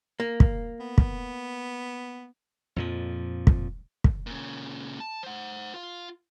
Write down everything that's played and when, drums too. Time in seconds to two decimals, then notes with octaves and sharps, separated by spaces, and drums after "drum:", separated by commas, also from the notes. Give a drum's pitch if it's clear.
0.20 A#3
0.40 drum: kick
0.80 B3
0.98 drum: kick
2.76 F2 A#2 F3
3.47 drum: kick
4.04 drum: kick
4.27 A#2 C#3
5.00 A5
5.23 C5 F#5
5.74 F4 F5